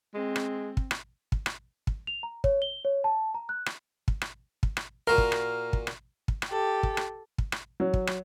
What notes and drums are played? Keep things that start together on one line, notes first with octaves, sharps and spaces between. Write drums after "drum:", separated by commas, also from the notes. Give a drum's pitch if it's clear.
G#3 C4
drum: rim click
drum: kick
drum: rim click
drum: kick
drum: rim click
drum: kick
F7
A#5
C#5, drum: kick
G7
C#5
A5
A#5
F#6
drum: rim click
drum: kick
drum: rim click
drum: kick
drum: rim click
A#2 F#4 A#4 C6
drum: kick
drum: rim click
drum: kick
drum: rim click
drum: kick
drum: rim click
G4 A4
drum: kick
drum: rim click
drum: kick
drum: rim click
F#3
drum: kick
drum: rim click